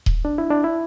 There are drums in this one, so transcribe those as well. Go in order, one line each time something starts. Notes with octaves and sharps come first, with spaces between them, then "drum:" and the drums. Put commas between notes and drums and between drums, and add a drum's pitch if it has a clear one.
drum: kick D#1
D4
E4
D4
E4